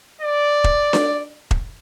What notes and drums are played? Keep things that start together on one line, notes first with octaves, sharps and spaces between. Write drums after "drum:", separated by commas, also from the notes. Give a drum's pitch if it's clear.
D5
drum: kick E1
drum: snare D4
drum: kick E1